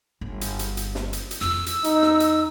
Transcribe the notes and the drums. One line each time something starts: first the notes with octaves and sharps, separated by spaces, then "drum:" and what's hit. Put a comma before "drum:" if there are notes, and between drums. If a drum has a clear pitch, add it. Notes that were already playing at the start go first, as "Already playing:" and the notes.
G1
drum: hi-hat
drum: hi-hat
drum: hi-hat
drum: snare
drum: hi-hat
drum: hi-hat
F2 F4 E6
drum: hi-hat
D#4, drum: hi-hat
drum: snare
drum: hi-hat